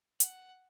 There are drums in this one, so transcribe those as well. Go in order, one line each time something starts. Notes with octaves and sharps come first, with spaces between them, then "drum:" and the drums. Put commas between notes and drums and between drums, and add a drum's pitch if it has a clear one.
F#5, drum: hi-hat